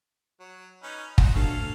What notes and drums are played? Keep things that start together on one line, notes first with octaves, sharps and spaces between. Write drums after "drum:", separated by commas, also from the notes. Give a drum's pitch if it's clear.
F#3
C#4 D#4 B4
D#4 F#4 C5, drum: kick
D2 C#4 A4 F5